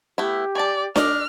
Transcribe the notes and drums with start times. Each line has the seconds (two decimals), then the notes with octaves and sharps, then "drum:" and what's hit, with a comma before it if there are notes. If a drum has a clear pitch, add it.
0.18 A3 B3 E4 G4
0.55 D5 G#5 A5
0.96 D4 D5 D#5 F6, drum: snare D4